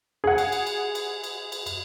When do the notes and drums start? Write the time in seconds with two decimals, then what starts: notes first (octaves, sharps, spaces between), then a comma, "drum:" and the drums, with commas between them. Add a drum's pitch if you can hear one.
0.24 G#4 F#5
0.38 drum: cymbal
0.52 drum: cymbal
0.67 drum: cymbal
0.95 drum: cymbal
1.24 drum: cymbal
1.52 drum: cymbal
1.66 drum: cymbal